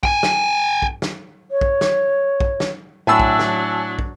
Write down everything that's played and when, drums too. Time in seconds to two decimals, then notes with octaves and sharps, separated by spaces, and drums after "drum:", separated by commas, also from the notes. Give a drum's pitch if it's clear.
0.03 G5 G#5, drum: kick
0.23 drum: snare
0.82 drum: kick
1.02 drum: snare
1.51 C#5
1.61 drum: kick
1.81 drum: snare
2.40 drum: kick
2.60 drum: snare
3.07 A2 F#3 D4 G#5 A5 E6
3.20 drum: kick
3.39 drum: snare
3.99 drum: kick